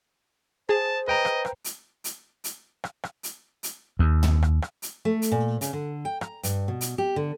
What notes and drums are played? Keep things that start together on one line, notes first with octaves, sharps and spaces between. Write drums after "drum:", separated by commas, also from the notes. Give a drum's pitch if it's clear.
G#4 C5 A5
B4 D#5 G5 A#5
drum: rim click
drum: rim click
drum: hi-hat
drum: hi-hat
drum: hi-hat
drum: rim click
drum: rim click
drum: hi-hat
drum: hi-hat
D#2
drum: tom
drum: rim click
drum: rim click
drum: hi-hat
A3
drum: hi-hat
A#2
C#3, drum: hi-hat
D3
G5
A#5, drum: rim click
G2, drum: hi-hat
B2
drum: hi-hat
G4
D3